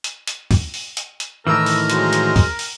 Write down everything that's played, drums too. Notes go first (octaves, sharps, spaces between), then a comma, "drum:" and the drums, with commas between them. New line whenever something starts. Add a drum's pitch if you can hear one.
drum: hi-hat
drum: hi-hat
drum: kick, open hi-hat
drum: open hi-hat
drum: hi-hat
drum: hi-hat
A2 D#3 E3 A#4 E6
drum: open hi-hat
F#3 G#3 C5, drum: hi-hat
drum: hi-hat
drum: kick, open hi-hat
drum: open hi-hat